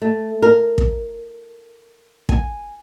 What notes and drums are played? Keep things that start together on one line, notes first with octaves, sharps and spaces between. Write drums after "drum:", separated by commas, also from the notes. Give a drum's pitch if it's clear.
A3
A#4
drum: kick
G#5, drum: kick